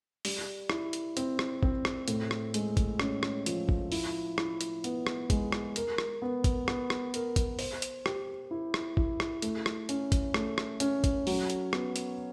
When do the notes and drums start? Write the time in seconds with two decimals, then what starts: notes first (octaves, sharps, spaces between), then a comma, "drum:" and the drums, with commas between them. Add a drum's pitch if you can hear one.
0.25 G3, drum: open hi-hat
0.70 E4, drum: rim click
0.93 drum: hi-hat
1.17 C4, drum: hi-hat
1.39 drum: rim click
1.63 C4, drum: kick A1
1.85 drum: rim click
2.08 A2, drum: hi-hat
2.31 drum: rim click
2.54 G#3, drum: hi-hat
2.77 drum: kick A1, hi-hat
3.00 C#4, drum: rim click
3.23 drum: rim click
3.46 F3, drum: hi-hat
3.69 drum: kick A1
3.92 E4, drum: open hi-hat
4.38 E4, drum: rim click
4.61 drum: hi-hat
4.84 B3, drum: hi-hat
5.07 drum: rim click
5.30 G#3, drum: kick A1, hi-hat
5.52 drum: rim click
5.76 A#4, drum: hi-hat
5.98 drum: rim click
6.22 B3
6.44 drum: kick A1, hi-hat
6.68 B3, drum: rim click
6.90 drum: rim click
7.14 A#4, drum: hi-hat
7.36 drum: kick A1, hi-hat
7.59 C5, drum: open hi-hat
7.82 drum: hi-hat
8.06 G4, drum: rim click
8.51 E4
8.74 drum: rim click
8.97 E4, drum: kick A1
9.20 drum: rim click
9.42 A3, drum: hi-hat
9.66 drum: rim click
9.89 C#4, drum: hi-hat
10.12 drum: kick A1, hi-hat
10.34 A3, drum: rim click
10.58 drum: rim click
10.80 C#4, drum: hi-hat
11.04 drum: kick A1, hi-hat
11.27 F#3, drum: open hi-hat
11.50 drum: hi-hat
11.73 B3, drum: rim click
11.96 drum: hi-hat